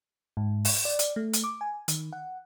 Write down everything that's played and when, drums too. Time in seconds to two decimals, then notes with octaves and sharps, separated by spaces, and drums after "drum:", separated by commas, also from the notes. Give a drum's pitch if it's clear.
0.37 G#2
0.65 drum: open hi-hat
0.85 D5
0.99 drum: hi-hat
1.16 A3
1.34 drum: hi-hat
1.44 D6
1.61 G#5
1.88 D#3, drum: hi-hat
2.13 F#5